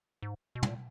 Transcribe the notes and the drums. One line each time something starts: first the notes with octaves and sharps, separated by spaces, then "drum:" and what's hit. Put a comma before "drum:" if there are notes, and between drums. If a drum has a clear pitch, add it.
G#2
B2
A#2, drum: tom